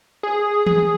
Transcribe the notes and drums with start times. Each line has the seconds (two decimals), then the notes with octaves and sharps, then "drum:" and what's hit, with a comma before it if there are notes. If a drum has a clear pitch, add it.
0.23 G#4
0.66 G#4, drum: tom